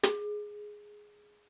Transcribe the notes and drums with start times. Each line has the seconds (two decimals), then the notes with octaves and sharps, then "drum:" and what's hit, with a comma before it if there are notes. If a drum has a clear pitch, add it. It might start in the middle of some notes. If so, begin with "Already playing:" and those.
0.03 G#4, drum: hi-hat